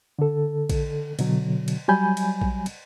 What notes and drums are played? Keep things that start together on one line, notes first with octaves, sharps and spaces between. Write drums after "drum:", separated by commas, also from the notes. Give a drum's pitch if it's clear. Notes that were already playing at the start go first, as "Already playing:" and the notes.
D3 A4
drum: kick A#1, cymbal
B2 D3 F#3, drum: cymbal
drum: cymbal
F#3 G3 G#5 B5 G6
drum: cymbal
drum: kick A#1
drum: cymbal